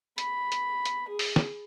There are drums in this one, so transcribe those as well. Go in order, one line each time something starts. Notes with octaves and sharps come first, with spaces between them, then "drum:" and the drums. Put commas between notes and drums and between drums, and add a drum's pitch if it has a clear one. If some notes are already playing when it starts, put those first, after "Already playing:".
B5, drum: hi-hat
drum: hi-hat
drum: hi-hat
G#4
drum: open hi-hat
drum: snare